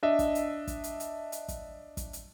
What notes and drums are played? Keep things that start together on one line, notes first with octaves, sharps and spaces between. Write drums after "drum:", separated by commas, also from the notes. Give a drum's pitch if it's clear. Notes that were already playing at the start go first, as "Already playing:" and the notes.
D4 D#5 E5
drum: kick, hi-hat
drum: hi-hat
drum: kick, hi-hat
drum: hi-hat
drum: hi-hat
drum: hi-hat
drum: kick, hi-hat
drum: kick, hi-hat
drum: hi-hat